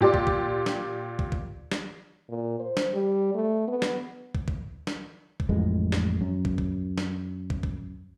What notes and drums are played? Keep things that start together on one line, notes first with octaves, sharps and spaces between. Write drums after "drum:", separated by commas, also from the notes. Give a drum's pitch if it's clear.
A#2 G4 D5 C6
drum: kick
drum: kick
drum: snare
drum: kick
drum: kick
drum: snare
A#2
C5
drum: snare
G3
A3
B3
drum: snare
drum: kick
drum: kick
drum: snare
drum: kick
A1 F2 G#3
drum: snare
F#2
drum: kick
drum: kick
drum: snare
drum: kick
drum: kick